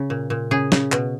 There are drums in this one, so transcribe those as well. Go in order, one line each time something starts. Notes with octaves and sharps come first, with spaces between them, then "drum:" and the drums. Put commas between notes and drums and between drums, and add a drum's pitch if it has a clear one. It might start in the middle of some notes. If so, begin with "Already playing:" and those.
Already playing: C#3
A#2
A#2
C#3 G#4
C#3, drum: snare
B2, drum: clap